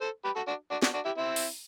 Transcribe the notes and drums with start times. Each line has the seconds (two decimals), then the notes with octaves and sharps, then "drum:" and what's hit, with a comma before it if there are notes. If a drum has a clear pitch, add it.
0.01 A4 C5
0.24 G4 B4
0.36 F#4 A4
0.47 D4 F#4
0.71 D4 F#4
0.82 D4 F#4, drum: snare
0.94 D4 F#4
1.05 E4 G4
1.17 C4 E4
1.36 drum: open hi-hat